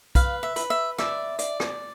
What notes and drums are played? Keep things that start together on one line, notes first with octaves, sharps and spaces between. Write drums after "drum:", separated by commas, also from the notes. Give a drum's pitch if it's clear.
B4 F5, drum: kick B1, hi-hat
E5
B4, drum: hi-hat
E5
D5 E5, drum: rim click
D5, drum: hi-hat
drum: rim click